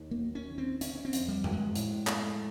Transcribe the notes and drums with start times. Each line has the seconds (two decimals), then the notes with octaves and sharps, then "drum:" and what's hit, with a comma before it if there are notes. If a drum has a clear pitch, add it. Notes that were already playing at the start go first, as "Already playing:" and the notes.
Already playing: D#2
0.11 A#3
0.19 F#3
0.35 C#4
0.50 D#3
0.58 C4
0.81 D3 C#4, drum: hi-hat
1.05 C4
1.13 F2, drum: hi-hat
1.28 G3
1.44 F#3, drum: tom F#2
1.53 G#3
1.75 A2, drum: hi-hat
2.07 A3, drum: clap